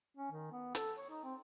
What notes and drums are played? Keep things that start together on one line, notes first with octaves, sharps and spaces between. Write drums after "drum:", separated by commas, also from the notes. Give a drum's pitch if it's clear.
C#4
D#3
B3
A4, drum: hi-hat
C#5
D#4
C4